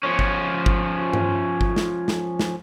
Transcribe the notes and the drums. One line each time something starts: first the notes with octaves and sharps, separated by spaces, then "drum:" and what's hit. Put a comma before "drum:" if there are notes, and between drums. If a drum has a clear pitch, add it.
F3 C#4
drum: kick G1
drum: kick G1
drum: tom G2
drum: kick G1
drum: snare
drum: snare
drum: snare